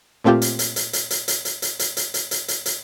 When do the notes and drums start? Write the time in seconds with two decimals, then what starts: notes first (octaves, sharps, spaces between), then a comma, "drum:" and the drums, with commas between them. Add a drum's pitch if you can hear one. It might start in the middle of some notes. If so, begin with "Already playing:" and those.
0.24 A#2 A3 C4 F4 G4
0.42 drum: hi-hat
0.59 drum: hi-hat
0.76 drum: hi-hat
0.93 drum: hi-hat
1.10 drum: hi-hat
1.28 drum: hi-hat
1.45 drum: hi-hat
1.62 drum: hi-hat
1.79 drum: hi-hat
1.97 drum: hi-hat
2.14 drum: hi-hat
2.31 drum: hi-hat
2.48 drum: hi-hat
2.66 drum: hi-hat